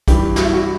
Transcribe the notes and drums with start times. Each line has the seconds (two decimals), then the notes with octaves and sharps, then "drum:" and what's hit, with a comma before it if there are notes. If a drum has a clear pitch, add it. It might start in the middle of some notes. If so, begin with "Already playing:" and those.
0.08 G2 E3 G3 G4, drum: kick, hi-hat
0.36 F#4, drum: snare
0.44 E4
0.53 F#4